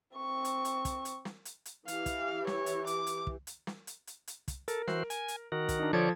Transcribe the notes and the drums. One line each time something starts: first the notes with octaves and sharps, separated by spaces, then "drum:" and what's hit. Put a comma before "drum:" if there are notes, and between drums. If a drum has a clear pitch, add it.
C4 C#6
drum: hi-hat
drum: hi-hat
drum: kick, hi-hat
drum: hi-hat
drum: snare
drum: hi-hat
drum: hi-hat
E3 G4 F5, drum: hi-hat
drum: kick, hi-hat
C#5, drum: snare
drum: hi-hat
D6, drum: hi-hat
drum: hi-hat
drum: kick
drum: hi-hat
drum: snare
drum: hi-hat
drum: hi-hat
drum: hi-hat
drum: kick, hi-hat
A4 A#4, drum: hi-hat
E3 F#4 C5, drum: snare
G#5, drum: hi-hat
drum: hi-hat
D#3 F#4 A#4
drum: kick, hi-hat
D4 D#4
D3 F3 A4 C#5 D5 G#6